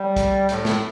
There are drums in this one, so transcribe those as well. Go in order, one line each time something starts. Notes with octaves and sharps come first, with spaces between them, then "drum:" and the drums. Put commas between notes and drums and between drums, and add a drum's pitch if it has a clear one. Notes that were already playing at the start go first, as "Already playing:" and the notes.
Already playing: G3
drum: kick, hi-hat
A2, drum: hi-hat
drum: snare